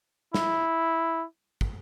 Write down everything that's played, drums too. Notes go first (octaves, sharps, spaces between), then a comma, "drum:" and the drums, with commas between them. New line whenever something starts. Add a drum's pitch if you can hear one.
E4, drum: snare
drum: kick